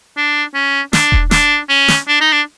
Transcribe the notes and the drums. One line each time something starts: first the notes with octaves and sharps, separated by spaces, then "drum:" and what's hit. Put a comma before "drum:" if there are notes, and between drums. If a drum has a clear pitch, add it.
D4
C#4
D4, drum: snare
drum: kick E1
D4, drum: snare
C#4
drum: snare
D4
D#4
D4